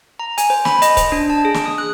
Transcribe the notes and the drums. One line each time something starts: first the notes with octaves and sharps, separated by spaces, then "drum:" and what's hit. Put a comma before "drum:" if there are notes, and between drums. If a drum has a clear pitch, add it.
A#5
G#5, drum: hi-hat
C5
B5, drum: snare
D#5, drum: hi-hat
C5, drum: kick C#1, hi-hat
D4
A5
G#4
drum: snare
D#6
F#6